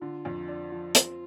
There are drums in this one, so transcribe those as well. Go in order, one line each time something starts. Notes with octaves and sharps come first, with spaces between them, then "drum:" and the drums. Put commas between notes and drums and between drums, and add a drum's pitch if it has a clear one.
D3 F4
F2
D4
F3
C4, drum: hi-hat